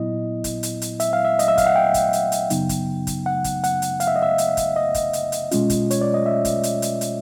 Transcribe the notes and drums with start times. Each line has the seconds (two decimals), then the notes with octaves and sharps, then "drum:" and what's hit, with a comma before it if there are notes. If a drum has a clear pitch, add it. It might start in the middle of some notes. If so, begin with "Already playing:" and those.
Already playing: A#2 F#3 B3 E4 D#5
0.44 drum: kick, hi-hat
0.63 drum: hi-hat
0.82 drum: hi-hat
1.00 E5, drum: hi-hat
1.13 F5
1.25 E5
1.39 D#5, drum: hi-hat
1.48 E5
1.58 F5, drum: kick, hi-hat
1.66 F#5
1.76 G5
1.94 drum: kick, hi-hat
2.13 drum: hi-hat
2.32 drum: hi-hat
2.50 F#2 C#3 F#3 B3 D#4, drum: hi-hat
2.69 drum: kick, hi-hat
3.07 drum: kick, hi-hat
3.26 F#5
3.44 drum: kick, hi-hat
3.64 F#5, drum: hi-hat
3.82 drum: hi-hat
4.00 F5, drum: hi-hat
4.07 E5
4.16 D#5
4.22 E5
4.38 drum: hi-hat
4.57 drum: kick, hi-hat
4.76 D#5
4.95 drum: kick, hi-hat
5.13 drum: hi-hat
5.32 drum: hi-hat
5.51 B2 G#3 C#4 F4, drum: hi-hat
5.70 drum: kick, hi-hat
5.91 C#5, drum: hi-hat
6.01 D5
6.14 D#5
6.26 E5
6.45 drum: kick, hi-hat
6.63 drum: hi-hat
6.82 drum: hi-hat
7.01 drum: hi-hat